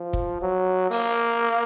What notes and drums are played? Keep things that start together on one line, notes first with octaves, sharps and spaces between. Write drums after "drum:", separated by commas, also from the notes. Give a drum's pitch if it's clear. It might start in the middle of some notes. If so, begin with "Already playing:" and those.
Already playing: F3
drum: kick
F#3
A#3, drum: open hi-hat